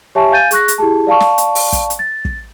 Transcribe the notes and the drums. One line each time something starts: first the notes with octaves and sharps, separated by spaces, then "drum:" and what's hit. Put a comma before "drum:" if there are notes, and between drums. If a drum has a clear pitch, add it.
G4 C#5 E5 G#5 A5 C#6
F5 G#5 G6 A6 D#7
G#4 C#6 F#6 A#6, drum: hi-hat
drum: hi-hat
E4 G4 G#4 A5
D5 F5 A5 C#6
drum: snare
drum: hi-hat
drum: open hi-hat
drum: kick, hi-hat
drum: hi-hat
A6
drum: kick